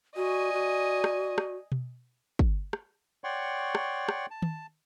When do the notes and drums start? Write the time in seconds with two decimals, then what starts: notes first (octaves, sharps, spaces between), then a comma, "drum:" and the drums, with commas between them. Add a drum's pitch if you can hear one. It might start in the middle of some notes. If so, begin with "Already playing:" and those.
0.16 F#4 D5 D#5 G#5
0.53 F#4
1.04 drum: rim click
1.38 drum: rim click
1.72 drum: tom B2
2.39 drum: kick
2.73 drum: rim click
3.24 C#5 D5 F#5 G5 C6 C#6
3.75 drum: rim click
4.09 drum: rim click
4.31 A5
4.42 drum: tom D#3